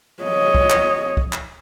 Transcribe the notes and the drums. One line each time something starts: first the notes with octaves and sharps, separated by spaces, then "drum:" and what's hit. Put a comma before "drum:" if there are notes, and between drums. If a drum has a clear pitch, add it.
C#5 D#5
drum: kick
drum: clap
drum: kick
drum: clap